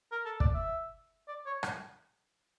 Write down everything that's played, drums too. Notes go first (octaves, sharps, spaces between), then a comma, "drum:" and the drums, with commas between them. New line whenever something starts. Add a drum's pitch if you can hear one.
A#4
A4
D5, drum: kick
E5
D5
C#5
drum: rim click